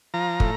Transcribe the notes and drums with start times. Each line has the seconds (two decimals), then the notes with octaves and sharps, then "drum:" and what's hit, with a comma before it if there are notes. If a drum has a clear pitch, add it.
0.14 F3 A#5
0.40 A2, drum: kick